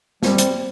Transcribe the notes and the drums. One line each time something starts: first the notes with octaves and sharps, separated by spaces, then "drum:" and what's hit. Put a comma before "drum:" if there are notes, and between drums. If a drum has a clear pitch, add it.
G3 C4, drum: snare
drum: hi-hat